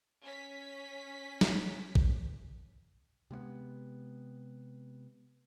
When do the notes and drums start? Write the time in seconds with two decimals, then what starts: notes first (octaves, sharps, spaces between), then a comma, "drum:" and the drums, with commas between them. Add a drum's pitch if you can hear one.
0.24 C#4 B6
1.41 drum: snare
1.95 drum: kick A1
3.31 C3 G#3 A#3 B3